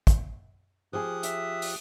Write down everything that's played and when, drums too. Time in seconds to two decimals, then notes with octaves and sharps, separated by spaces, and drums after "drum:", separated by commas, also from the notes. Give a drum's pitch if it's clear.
0.07 drum: kick, hi-hat
0.93 F3 G4 G#4 D#6 F#6
1.23 E5, drum: hi-hat
1.62 drum: open hi-hat